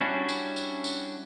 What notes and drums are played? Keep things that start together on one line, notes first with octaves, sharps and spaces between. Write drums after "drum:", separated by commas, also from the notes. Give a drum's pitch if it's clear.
G3 C#4 D4 E4 F#4
drum: tambourine
drum: tambourine
drum: tambourine